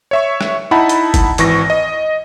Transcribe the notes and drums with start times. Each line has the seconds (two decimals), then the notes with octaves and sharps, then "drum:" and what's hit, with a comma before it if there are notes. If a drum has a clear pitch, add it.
0.11 C#5 E5 C#6
0.41 drum: rim click
0.71 D#4 E4 F#5 A5 B5
0.89 drum: hi-hat
1.14 drum: kick F#1, hi-hat
1.38 G#1 E3 C#6 A#6, drum: hi-hat
1.70 D#5